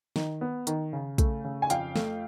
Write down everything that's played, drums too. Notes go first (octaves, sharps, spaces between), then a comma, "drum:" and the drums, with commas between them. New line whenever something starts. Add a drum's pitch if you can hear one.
D#3, drum: snare
B3
D#3, drum: hi-hat
C#3
A3, drum: kick, hi-hat
C#3
G#5
F2 F5 G5, drum: hi-hat
A3, drum: snare